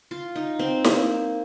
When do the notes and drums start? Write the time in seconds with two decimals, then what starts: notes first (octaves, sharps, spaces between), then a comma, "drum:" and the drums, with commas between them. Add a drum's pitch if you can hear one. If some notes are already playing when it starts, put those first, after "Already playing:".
0.11 F4
0.36 D#4
0.59 C4
0.84 A#3, drum: snare